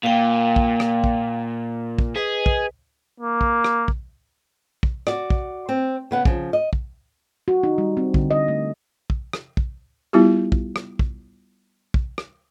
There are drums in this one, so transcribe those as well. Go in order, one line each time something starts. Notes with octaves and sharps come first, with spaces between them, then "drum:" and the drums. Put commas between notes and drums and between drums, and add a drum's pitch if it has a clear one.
A#2 A#3 F5 G5
drum: kick
drum: rim click
drum: kick
drum: kick
G#4 B4 D#5
drum: kick
A#3
drum: kick
drum: rim click
drum: kick
drum: kick
F#4 D5, drum: rim click
drum: kick
C4
C#3 B3 F#5
C#3 F3, drum: kick
D#5
drum: kick
F#4
D#4
G3
C4
D3, drum: kick
D#5
A3
drum: kick
drum: rim click
drum: kick
G3 B3 E4 F4 G4
drum: kick
drum: rim click
drum: kick
drum: kick
drum: rim click